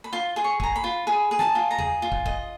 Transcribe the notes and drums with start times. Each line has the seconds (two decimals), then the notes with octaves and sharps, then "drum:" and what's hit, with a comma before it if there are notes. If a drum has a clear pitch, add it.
0.04 B5
0.13 F4 C6
0.36 G#4 C6
0.44 C#6
0.60 G#4 A#5, drum: kick
0.76 B5
0.84 F4
1.07 G#4 B5
1.31 G#4
1.39 A5, drum: snare
1.55 F4
1.71 A#5
1.79 G#4, drum: tom E2
2.02 F4
2.12 drum: kick
2.26 D#5, drum: kick